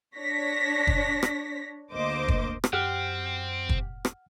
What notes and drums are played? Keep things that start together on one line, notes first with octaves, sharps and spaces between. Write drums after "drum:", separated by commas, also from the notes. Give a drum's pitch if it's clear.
D4 C#5 A#6 B6
drum: kick
drum: rim click
D2 A#3 C5 D#5 D6
drum: kick
drum: rim click
F#2 C4 G4 F#5 F6
drum: kick
drum: rim click